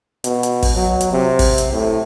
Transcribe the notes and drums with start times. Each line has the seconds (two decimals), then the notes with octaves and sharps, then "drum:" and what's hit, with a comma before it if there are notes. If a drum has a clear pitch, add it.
0.24 B2, drum: hi-hat
0.43 drum: hi-hat
0.63 drum: kick, open hi-hat
0.75 F#3
1.01 drum: hi-hat
1.12 C3
1.39 drum: kick, open hi-hat
1.58 drum: hi-hat
1.72 A2